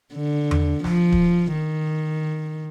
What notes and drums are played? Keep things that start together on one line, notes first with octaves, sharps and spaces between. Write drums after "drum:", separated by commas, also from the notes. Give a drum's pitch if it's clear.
D3
drum: tom E2
F3, drum: snare
drum: kick
D#3